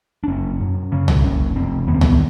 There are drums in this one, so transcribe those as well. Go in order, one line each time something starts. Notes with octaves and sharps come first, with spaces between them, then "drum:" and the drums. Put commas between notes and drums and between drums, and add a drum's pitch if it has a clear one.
D4
F#1 C#4
F#2
C#3 C#4
drum: tom C2
F#1 C#4
F1 C4
D#2 B3
C4
B3, drum: tom C2